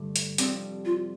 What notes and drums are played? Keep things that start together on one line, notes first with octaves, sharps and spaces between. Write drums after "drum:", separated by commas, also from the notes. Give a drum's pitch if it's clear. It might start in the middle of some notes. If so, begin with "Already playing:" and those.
Already playing: G2 D3 A3
drum: hi-hat
F2 C3 G3 C4 D4, drum: hi-hat
F4